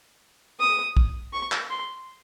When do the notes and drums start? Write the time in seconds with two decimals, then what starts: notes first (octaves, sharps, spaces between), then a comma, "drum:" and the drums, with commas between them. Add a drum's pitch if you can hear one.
0.60 D#6
0.97 drum: kick
1.33 C#6
1.52 drum: clap
1.70 C6